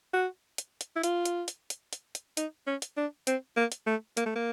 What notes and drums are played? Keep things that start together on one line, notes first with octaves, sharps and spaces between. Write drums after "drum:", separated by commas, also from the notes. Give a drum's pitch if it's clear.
F#4
drum: hi-hat
drum: hi-hat
E4
F4, drum: hi-hat
drum: hi-hat
drum: hi-hat
drum: hi-hat
drum: hi-hat
drum: hi-hat
D#4, drum: hi-hat
C#4
drum: hi-hat
D4
C4, drum: hi-hat
A#3
drum: hi-hat
A3
A#3, drum: hi-hat
A3
A#3